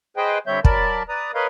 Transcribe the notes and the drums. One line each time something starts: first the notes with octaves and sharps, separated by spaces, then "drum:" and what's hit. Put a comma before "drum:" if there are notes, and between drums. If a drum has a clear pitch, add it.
G#4 B4 C5 D#5 G5
D3 G3 C4 C#5 E5 G6
F#3 A#4 D5 A5 B5, drum: kick
B4 D5 A#5 D#6
A#4 B4 C#5 D#5 F5 B5